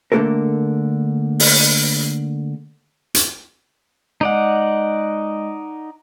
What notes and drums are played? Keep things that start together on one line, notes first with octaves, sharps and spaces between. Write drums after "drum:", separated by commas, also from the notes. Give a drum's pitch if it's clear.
D3 A3 A#3 F#4 A4 A#4
drum: open hi-hat
drum: hi-hat
G#3 D#4 D5 D#5 F#5